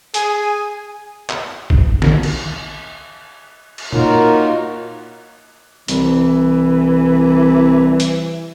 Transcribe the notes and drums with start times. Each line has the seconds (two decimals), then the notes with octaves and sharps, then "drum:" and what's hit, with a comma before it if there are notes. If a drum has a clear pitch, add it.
0.14 G#4 G#5, drum: hi-hat
1.30 drum: clap
1.70 drum: kick
2.02 drum: snare
2.23 drum: cymbal
3.78 drum: cymbal
3.92 A#3 D#4 F4 F#4 A#4 C#5, drum: tom A#2
5.88 C2 E3, drum: hi-hat
8.00 drum: hi-hat